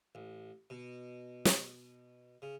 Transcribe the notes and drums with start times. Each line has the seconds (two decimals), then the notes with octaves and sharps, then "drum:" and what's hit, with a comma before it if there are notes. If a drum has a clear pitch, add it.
0.15 A1
0.70 B2
1.45 drum: snare
2.42 C#3